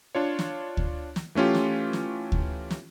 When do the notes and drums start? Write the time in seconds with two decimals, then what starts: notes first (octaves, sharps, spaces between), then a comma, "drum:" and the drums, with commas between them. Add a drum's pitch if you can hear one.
0.15 D4 F4 C#5
0.39 drum: snare
0.77 drum: kick D2
1.16 drum: snare
1.35 E3 A3 C#4 F4 G4
1.55 drum: snare
1.93 drum: snare
2.32 drum: kick D2
2.71 drum: snare